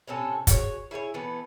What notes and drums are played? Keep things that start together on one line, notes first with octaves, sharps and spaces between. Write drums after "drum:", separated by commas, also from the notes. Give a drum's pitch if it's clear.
A2 C3 C#4 A4
F#4 G#4 C#5, drum: kick, hi-hat
E4 G#4 C5 C#5
E3 A3 B3 B4